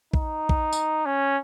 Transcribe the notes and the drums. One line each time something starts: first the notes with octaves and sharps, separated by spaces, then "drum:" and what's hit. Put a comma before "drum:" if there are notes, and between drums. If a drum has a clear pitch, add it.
D#4, drum: kick A#1
drum: kick A#1
drum: tambourine
C#4